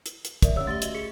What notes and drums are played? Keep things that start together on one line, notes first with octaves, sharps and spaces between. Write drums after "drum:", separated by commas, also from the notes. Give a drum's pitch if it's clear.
drum: hi-hat
drum: hi-hat
A#4 D5 E5, drum: kick, hi-hat
D3 C#4 C#5 E6
A3 G4 E5 A6
F#4 D#5 G7, drum: hi-hat
G#4 C#7